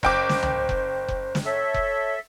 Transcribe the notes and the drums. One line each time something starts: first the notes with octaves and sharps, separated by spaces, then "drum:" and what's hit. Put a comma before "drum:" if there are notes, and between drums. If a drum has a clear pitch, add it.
F#1 C5 G5 D6, drum: kick F1
drum: snare
drum: tom
drum: kick F1
drum: kick F1
drum: snare
A4 C#5 E5
drum: kick F1